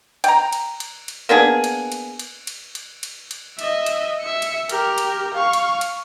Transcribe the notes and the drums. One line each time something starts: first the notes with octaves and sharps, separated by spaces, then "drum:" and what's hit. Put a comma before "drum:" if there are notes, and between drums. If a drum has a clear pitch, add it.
G5 A#5, drum: cymbal
drum: cymbal
drum: cymbal
drum: cymbal
A#3 B3 D4 G#4
drum: cymbal
drum: cymbal
drum: cymbal
drum: cymbal
drum: cymbal
drum: cymbal
drum: cymbal
D#5 E5, drum: cymbal
drum: cymbal
E5 C#7
drum: cymbal
G4 A#4, drum: cymbal
drum: cymbal
F5 C#6
drum: cymbal
drum: cymbal